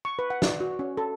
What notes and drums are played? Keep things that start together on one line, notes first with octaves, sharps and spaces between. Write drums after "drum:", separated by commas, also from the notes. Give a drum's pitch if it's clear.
C#6
B4
F#5
D5, drum: snare
F#4
C#4
A4